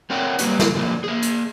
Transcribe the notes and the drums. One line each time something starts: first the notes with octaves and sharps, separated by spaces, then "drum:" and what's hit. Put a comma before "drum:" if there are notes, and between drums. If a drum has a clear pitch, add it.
A3 C4 A#4 C#5 F#5 G5
F#3 G3 A#3 F#4 B4, drum: hi-hat
drum: snare
D3 F3 F#3 A#3
A#3 G#4
drum: hi-hat